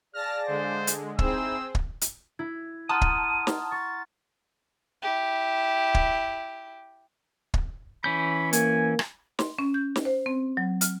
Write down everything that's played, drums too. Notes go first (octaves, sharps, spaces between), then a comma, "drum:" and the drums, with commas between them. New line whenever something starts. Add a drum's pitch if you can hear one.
G#4 D5 F5 A5 F6 A#6
D3 G#3 C5
drum: hi-hat
C4 D#4 E4 G#4 C5 B5 E6, drum: kick
drum: kick
drum: hi-hat
E4 G#6
F#5 A5 A#5 C6 D#6 F6 D#7
drum: kick
drum: snare
C#6 A6
E4 G4
drum: kick
drum: kick
E3 C#4 B5 G6
A#3 G#5, drum: hi-hat
drum: rim click
C6, drum: snare
C#4
G6
drum: snare
C5
C4
F#3
F6, drum: hi-hat